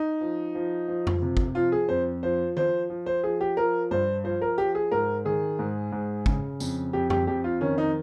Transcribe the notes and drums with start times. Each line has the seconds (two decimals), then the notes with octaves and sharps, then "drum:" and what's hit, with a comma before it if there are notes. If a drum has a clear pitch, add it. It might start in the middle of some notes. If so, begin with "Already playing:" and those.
Already playing: D#4
0.21 F3
0.55 F3
0.88 F3
1.07 drum: tom F2
1.22 C3
1.37 drum: kick G1
1.55 F3 F4
1.72 G#4
1.89 F2 C5
2.23 F3 C5
2.57 F3 C5, drum: tom D#3
2.90 F3
3.06 C5
3.23 F3 G#4
3.41 G4
3.57 F3 A#4
3.91 G2 C5
4.24 F3 C5
4.42 A#4
4.58 F3 G4
4.75 G#4
4.91 G#2 A#4
5.25 D#3 G#4
5.59 G#2
5.92 G#2
6.26 C#3, drum: kick G1
6.60 F2, drum: tambourine
6.93 F2 G4
7.10 G4, drum: tom F2
7.27 F2 G4
7.44 F4
7.61 D#3 C#4
7.78 D#4